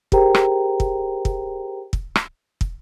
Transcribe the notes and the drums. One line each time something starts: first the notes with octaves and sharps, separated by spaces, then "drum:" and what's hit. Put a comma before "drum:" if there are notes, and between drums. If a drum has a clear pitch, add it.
G4 G#4 A#4 C5 G5 A#5, drum: kick
drum: rim click
drum: kick
drum: kick
drum: kick
drum: rim click
drum: kick